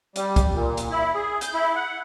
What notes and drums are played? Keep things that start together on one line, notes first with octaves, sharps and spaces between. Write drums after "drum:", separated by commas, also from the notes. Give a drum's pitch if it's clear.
G3, drum: hi-hat
drum: kick, hi-hat
A#2
drum: hi-hat
E4
G#4
G6, drum: hi-hat
E4
F#5